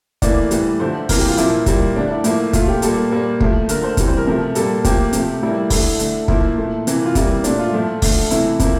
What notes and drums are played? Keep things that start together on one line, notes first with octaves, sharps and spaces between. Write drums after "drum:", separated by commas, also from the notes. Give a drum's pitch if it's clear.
A2 E3 A#3 D5, drum: kick, hi-hat
A2 E3 G3, drum: hi-hat
D3 F3 A3 C5
C3 E3 A#3 A#4, drum: kick, open hi-hat
G4
F4
A#2 F3 A#3 E4, drum: hi-hat
A#2 G3 A#3, drum: kick, hi-hat
D3 A3 D4
E4
A2 F3 A#3 E4, drum: hi-hat
A#2 A3 F4, drum: kick, hi-hat
G4
A#2 G3 A#3 A4, drum: hi-hat
A#2 G3 A#3
A2 F3 A3, drum: kick
D3 A3 A#4, drum: hi-hat
C5
C3 E3 G3, drum: kick, hi-hat
C5
A#4
C3 F3 A3
A#2 G3 A#3 A4, drum: hi-hat
A2 F3 A#3 G4, drum: kick, hi-hat
C3 F3 A3, drum: hi-hat
A2 G3 A#3 E4
D3 A3 E4, drum: kick, open hi-hat
D3 A3, drum: hi-hat
A#2 F3 A#3 E4, drum: kick
A#2 A3
C3 E3 A#3, drum: hi-hat
F4
C3 G3 A#3 E4, drum: kick, hi-hat
A#2 A3 D4, drum: hi-hat
F4
A2 F3 A3
D3 A3, drum: kick, open hi-hat
C3 E3 A3 E4, drum: hi-hat
C3 F3 A#3 E4, drum: kick, hi-hat